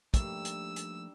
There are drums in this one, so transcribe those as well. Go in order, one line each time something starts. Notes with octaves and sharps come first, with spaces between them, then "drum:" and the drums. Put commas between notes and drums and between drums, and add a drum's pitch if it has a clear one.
G2 F3 G3 A3 A#3 D#4 E6, drum: kick, hi-hat
drum: hi-hat
drum: hi-hat